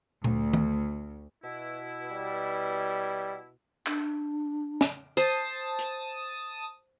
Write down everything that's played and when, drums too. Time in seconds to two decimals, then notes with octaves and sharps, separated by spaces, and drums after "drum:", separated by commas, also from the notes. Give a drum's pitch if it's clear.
0.24 D2, drum: tom A#2
0.53 drum: tom D#3
1.44 B2 E4
2.11 G3
3.86 D4, drum: clap
4.81 drum: snare
5.17 C5 A5 D#6, drum: hi-hat
5.79 drum: hi-hat